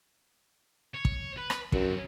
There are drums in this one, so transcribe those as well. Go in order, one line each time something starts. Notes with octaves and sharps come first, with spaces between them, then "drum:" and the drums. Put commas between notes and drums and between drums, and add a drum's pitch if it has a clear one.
C#5
drum: kick
B4
drum: rim click
F#2 F#3 C4, drum: kick